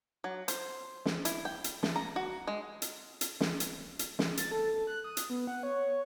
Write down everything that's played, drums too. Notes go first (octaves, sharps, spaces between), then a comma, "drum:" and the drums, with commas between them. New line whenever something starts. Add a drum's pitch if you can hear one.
F#3
C5, drum: hi-hat
drum: snare
E4, drum: hi-hat
G5
drum: hi-hat
A3, drum: snare
A#5
F#4
G#3
drum: hi-hat
drum: hi-hat
drum: snare
drum: hi-hat
drum: hi-hat
drum: snare
A6, drum: hi-hat
A4
A4
F#6
D#6
drum: hi-hat
B3
F#5
C#5